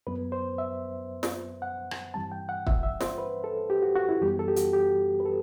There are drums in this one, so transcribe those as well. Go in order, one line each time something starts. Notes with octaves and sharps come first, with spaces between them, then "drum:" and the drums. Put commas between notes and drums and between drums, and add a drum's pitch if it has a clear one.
F#2 F#3 B3 B4
C5
E5
drum: snare
F#5
drum: rim click
G2 E3 G3 C4 A5
G5
F#5
E5, drum: kick
E5
C5, drum: snare
B4
A4
G4
F#4
F#4
E4
F#2 E3 G3 B3 G4
A4
G4
F#4, drum: hi-hat
G4
B4
A4